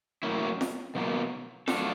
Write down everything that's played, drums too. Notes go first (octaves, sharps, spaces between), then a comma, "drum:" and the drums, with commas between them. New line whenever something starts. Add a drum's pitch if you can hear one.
A2 F#3 A#3 C#4 E4
drum: snare F4
B2 F#3 A#3
F#3 A3 D4 F4 A4, drum: snare F4